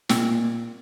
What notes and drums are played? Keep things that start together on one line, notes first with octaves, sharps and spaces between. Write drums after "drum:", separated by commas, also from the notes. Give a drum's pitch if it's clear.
A#2 C4, drum: snare